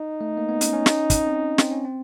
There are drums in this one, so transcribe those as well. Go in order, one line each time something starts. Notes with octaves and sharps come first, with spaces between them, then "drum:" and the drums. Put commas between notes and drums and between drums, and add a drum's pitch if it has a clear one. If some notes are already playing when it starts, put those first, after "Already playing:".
Already playing: D#4
A3
A#3
B3
C#4, drum: hi-hat
C#4
C#4, drum: snare
drum: kick, hi-hat
C4
C#4
C4, drum: snare
C#4
C4